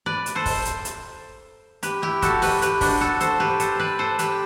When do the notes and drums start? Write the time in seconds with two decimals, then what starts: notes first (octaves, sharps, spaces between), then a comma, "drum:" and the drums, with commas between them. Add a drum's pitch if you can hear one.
0.06 B4 D5
0.26 drum: hi-hat
0.35 A4 C5
0.46 drum: kick, open hi-hat
0.65 drum: hi-hat
0.85 drum: hi-hat
1.83 G4 B4, drum: hi-hat
2.02 E4 G4
2.22 F#4 A4, drum: kick, hi-hat
2.42 G4 B4, drum: open hi-hat
2.62 G4 B4, drum: hi-hat
2.81 D4 F#4, drum: kick, open hi-hat
3.01 F#4 A4
3.20 A4 C5, drum: hi-hat
3.40 G4 B4
3.60 A4 C5, drum: hi-hat
3.79 B4 D5
3.99 A4 C5
4.19 G4 B4, drum: hi-hat